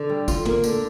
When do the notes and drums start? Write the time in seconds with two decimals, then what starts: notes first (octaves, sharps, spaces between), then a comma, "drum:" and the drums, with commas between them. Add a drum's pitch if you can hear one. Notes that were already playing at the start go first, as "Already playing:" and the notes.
Already playing: D3
0.09 G3
0.28 F4, drum: kick, tambourine
0.45 A#3, drum: tom
0.64 D3, drum: tambourine